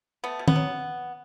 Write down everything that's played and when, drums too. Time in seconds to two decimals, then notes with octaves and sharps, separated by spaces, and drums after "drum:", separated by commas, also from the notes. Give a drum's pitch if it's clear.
0.24 A3 B3
0.39 B2
0.48 B3, drum: tom
0.56 F#3